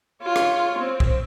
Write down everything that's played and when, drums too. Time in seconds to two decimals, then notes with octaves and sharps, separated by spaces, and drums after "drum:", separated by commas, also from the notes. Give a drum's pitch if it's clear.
0.23 F4 C#5
0.36 drum: rim click
0.79 C4
1.00 drum: kick